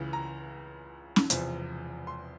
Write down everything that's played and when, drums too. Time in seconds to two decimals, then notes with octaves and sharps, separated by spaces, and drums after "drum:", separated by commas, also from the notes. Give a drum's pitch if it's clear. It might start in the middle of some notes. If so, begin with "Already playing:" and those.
Already playing: C#2 C#3 E3
0.13 A#5
1.16 drum: snare C#4
1.30 E1 E2 C3 F3, drum: hi-hat
2.07 C6